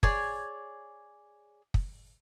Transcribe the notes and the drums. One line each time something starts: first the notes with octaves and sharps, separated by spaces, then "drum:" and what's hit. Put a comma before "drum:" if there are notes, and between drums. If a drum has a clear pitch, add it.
G#4 C#5 D5 G#5, drum: kick
drum: kick